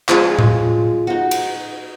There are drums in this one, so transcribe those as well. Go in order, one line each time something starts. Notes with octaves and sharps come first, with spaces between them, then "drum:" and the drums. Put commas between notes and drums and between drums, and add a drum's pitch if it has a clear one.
F3 G#3 C#4 G#4, drum: clap
drum: tom A2
D#4 F#4
drum: cymbal